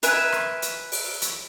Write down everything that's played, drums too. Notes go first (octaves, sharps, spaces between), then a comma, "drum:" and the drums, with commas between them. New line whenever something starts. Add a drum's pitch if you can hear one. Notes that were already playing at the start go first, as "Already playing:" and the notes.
A#4 B4 E5 G#5, drum: hi-hat
drum: rim click
drum: hi-hat
drum: open hi-hat
drum: hi-hat